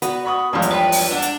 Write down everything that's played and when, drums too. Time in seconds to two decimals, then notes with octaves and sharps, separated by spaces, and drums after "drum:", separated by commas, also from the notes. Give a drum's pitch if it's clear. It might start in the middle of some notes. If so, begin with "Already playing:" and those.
0.02 B3 F#4 B4 D5, drum: hi-hat
0.25 F#5 B5 C#6 D#6
0.53 E2 G2 F3 G#3 B3 C#4 B5
0.62 drum: hi-hat
0.72 B4 G5
0.92 drum: open hi-hat
1.12 D4 F#5
1.22 drum: hi-hat